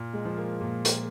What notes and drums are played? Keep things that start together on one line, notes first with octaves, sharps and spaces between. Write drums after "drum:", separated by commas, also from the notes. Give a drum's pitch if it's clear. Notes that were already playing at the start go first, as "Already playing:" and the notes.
Already playing: A#2
G#3
F3
A#3
A#2
drum: hi-hat